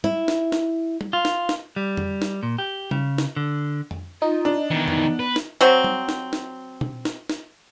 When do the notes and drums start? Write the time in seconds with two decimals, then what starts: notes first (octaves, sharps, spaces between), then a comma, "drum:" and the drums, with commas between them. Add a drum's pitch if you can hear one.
0.04 E4, drum: tom G3
0.28 drum: snare
0.52 drum: snare
1.01 drum: tom G3
1.13 F4
1.25 drum: snare
1.49 drum: snare
1.76 G3
1.97 drum: tom F2
2.22 drum: snare
2.43 A#2
2.58 G4
2.91 C#3, drum: tom G3
3.18 drum: snare
3.36 D3
3.91 drum: tom F2
4.22 D#4 F4
4.45 D4
4.71 D#3 E3 B3
4.88 drum: tom F2
5.19 B4
5.36 drum: snare
5.61 F#3 C4
5.84 drum: tom G3
6.09 drum: snare
6.33 drum: snare
6.81 drum: tom
7.05 drum: snare
7.30 drum: snare